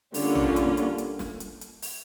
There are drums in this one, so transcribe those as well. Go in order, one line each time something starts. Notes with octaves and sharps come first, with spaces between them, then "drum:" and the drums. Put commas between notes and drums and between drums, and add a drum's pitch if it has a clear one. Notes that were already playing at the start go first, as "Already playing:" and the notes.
D3 G3 A#3 C#4 F4, drum: open hi-hat
drum: tom A#1
drum: hi-hat
drum: hi-hat
drum: hi-hat
drum: snare
drum: hi-hat
drum: hi-hat
drum: open hi-hat